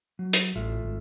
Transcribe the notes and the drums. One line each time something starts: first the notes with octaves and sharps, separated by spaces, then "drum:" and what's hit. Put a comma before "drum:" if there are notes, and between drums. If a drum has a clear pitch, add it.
F#3
drum: hi-hat
A1 F4 A4 E5
G#1